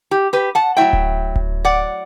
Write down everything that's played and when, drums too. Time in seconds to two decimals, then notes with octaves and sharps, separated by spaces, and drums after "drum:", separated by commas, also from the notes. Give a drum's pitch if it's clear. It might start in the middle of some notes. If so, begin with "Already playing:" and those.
0.11 G4
0.33 G4 B4
0.55 F#5 A5
0.77 F#3 A3 E4 E5 G5
0.93 drum: kick D1
1.36 drum: kick D1
1.65 D5 F#5